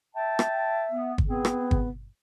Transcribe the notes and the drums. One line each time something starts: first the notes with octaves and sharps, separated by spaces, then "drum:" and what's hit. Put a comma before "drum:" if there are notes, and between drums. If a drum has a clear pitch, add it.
E5 G5 A5
drum: rim click
B3
drum: kick
B3 C4 G#4
drum: rim click
drum: kick